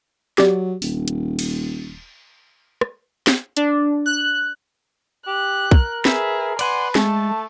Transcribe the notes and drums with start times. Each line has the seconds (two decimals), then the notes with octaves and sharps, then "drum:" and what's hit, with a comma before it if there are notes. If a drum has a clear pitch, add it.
0.38 F#3 G4 D5, drum: snare
0.82 D#1, drum: open hi-hat
1.08 drum: hi-hat
1.39 drum: cymbal
2.81 drum: rim click
3.27 drum: snare
3.57 D4, drum: hi-hat
4.06 F#6
5.27 G4 F#6
5.71 A#4, drum: kick
6.05 G#4 B4 E5, drum: snare
6.59 B4 D5 F#5 G#5 C6, drum: cymbal
6.95 G#3 A3 A4 A5, drum: snare